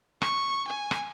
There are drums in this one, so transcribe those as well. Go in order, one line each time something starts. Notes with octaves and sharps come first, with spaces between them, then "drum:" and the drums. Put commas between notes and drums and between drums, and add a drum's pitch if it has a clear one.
C#6, drum: rim click
G#5
drum: rim click